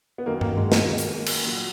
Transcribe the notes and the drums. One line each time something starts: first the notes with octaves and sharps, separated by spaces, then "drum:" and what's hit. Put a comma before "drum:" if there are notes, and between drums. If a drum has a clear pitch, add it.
B3
F#2 D#3 F#3 A#3
A#3, drum: tom G2
G#3
A#3, drum: snare
drum: hi-hat
drum: cymbal
A#2 F#3